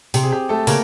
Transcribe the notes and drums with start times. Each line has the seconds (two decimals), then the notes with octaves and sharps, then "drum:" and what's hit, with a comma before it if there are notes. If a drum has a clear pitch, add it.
0.14 C3 G4, drum: open hi-hat
0.23 G#4
0.32 G4
0.49 A3 A4
0.67 C#3 A#3 A#4, drum: open hi-hat